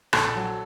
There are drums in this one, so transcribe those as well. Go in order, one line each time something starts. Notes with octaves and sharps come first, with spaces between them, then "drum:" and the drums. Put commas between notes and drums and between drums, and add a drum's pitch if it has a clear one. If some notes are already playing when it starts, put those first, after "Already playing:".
A#1 A4 A5, drum: rim click
F#3